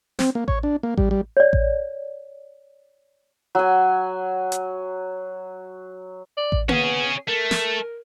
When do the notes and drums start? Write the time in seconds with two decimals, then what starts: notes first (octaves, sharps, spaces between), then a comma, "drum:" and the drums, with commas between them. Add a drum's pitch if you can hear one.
0.19 C4, drum: snare
0.35 A#3
0.48 C#5, drum: kick A1
0.63 D4
0.83 A#3
0.97 G3, drum: kick A1
1.11 G3
1.37 C#5 D5
1.53 drum: kick A1
3.55 F#3 G#5
4.52 drum: hi-hat
6.37 D5
6.52 drum: kick A1
6.69 B3 C#4 G#4, drum: tom A#3
7.28 A3 A#4
7.51 drum: snare